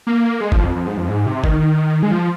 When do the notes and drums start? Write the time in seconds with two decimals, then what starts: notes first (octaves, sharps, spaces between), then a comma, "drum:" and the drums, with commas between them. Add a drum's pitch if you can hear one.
0.07 A#3
0.41 G#3
0.52 F3, drum: kick F#1
0.63 F2
0.76 F2
0.87 G#2
0.97 F2
1.09 G#2
1.26 C3
1.44 D#3, drum: kick F#1
2.03 G#3
2.11 F3